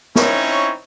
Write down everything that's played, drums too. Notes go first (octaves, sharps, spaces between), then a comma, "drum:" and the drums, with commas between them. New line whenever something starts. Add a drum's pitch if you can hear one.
C4 C#4 D#4 E4 C#5 C#6, drum: snare